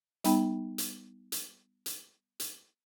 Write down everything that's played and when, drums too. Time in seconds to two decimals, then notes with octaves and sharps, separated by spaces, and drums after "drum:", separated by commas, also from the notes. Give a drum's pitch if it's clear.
0.24 G3 B3 D#4 G5 B5, drum: hi-hat
0.78 drum: hi-hat
1.32 drum: hi-hat
1.86 drum: hi-hat
2.40 drum: hi-hat